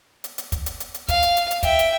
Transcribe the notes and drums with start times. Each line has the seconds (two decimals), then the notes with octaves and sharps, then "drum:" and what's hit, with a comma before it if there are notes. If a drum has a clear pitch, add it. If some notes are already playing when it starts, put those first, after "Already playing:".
0.24 drum: hi-hat
0.38 drum: hi-hat
0.52 drum: kick, hi-hat
0.66 drum: hi-hat
0.80 drum: hi-hat
0.94 drum: hi-hat
1.08 F5, drum: kick, hi-hat
1.23 drum: hi-hat
1.37 drum: hi-hat
1.51 drum: hi-hat
1.63 E5 G5, drum: kick, hi-hat
1.79 drum: hi-hat